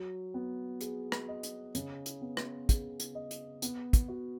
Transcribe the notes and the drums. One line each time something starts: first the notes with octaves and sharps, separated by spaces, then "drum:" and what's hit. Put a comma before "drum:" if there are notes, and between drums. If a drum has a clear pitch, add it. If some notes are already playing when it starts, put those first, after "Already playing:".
Already playing: F#3
B3
G#4, drum: hi-hat
drum: rim click
D#5
drum: hi-hat
C#3, drum: hi-hat
drum: hi-hat
B3
drum: rim click
G#4, drum: kick, hi-hat
drum: hi-hat
D#5
drum: hi-hat
B3, drum: hi-hat
drum: kick, hi-hat
F#4